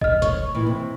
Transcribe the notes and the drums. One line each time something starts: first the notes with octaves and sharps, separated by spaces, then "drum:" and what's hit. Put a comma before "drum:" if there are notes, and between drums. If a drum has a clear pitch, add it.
D#5 F6, drum: kick
C#5 C#6, drum: kick, hi-hat
A#2 E3
C3